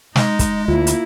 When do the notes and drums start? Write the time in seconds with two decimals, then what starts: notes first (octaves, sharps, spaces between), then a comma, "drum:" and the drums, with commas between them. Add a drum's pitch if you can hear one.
0.16 G#3 D#4, drum: snare
0.39 drum: kick, hi-hat
0.68 D2 A#3 E4 F4
0.87 drum: hi-hat